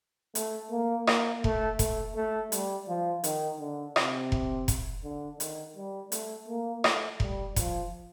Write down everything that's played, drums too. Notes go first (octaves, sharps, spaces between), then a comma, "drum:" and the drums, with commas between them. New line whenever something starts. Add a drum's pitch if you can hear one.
A3, drum: hi-hat
A#3
A#3, drum: rim click
A3, drum: kick F1
A3, drum: kick F1, hi-hat
A3
G3, drum: hi-hat
F3
D#3, drum: hi-hat
D3
C3, drum: rim click
drum: kick F1
drum: kick F1, hi-hat
D3
D#3, drum: hi-hat
G3
A3, drum: hi-hat
A#3
A3, drum: rim click
G3, drum: kick F1
F3, drum: kick F1, hi-hat